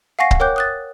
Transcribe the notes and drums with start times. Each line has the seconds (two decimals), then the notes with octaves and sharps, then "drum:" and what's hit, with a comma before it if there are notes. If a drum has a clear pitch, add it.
0.19 F5 F#5 G#5 C#6 A#6 C7
0.31 drum: kick C#1
0.40 A#4 C#5 G5 D6 F#6 G6
0.56 D#6 F#6 A6